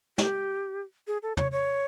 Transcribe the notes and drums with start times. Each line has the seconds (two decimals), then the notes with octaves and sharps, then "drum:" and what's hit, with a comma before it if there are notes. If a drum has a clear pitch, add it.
0.18 G4, drum: snare
1.07 G#4
1.22 A4
1.37 C#5, drum: tom
1.52 C#5